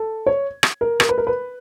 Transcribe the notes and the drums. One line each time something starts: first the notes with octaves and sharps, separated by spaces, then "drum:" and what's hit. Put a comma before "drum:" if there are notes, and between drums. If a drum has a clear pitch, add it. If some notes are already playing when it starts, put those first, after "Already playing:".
Already playing: A4
C#5
drum: rim click
A#4
A#4, drum: rim click
B4
A#4
B4